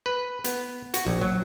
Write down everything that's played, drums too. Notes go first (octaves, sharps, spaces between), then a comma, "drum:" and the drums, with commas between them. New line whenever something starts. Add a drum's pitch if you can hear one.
B4
B3, drum: hi-hat
F#4, drum: hi-hat
A#1
F#3